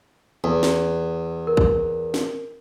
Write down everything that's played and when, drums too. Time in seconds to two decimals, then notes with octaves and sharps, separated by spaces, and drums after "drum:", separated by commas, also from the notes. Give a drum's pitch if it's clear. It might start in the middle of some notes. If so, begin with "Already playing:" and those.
0.44 E2
0.63 drum: snare
1.47 A#4
1.57 drum: kick
2.14 drum: snare